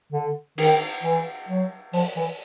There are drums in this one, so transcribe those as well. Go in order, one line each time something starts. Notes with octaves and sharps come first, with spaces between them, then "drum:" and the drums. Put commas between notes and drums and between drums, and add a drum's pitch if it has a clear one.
D3
D#3, drum: cymbal
E3
F#3
F3, drum: open hi-hat
E3